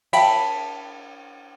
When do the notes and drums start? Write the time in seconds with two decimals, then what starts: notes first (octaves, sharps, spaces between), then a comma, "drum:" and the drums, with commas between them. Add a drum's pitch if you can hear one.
0.13 E5 G5 A5 B5, drum: cymbal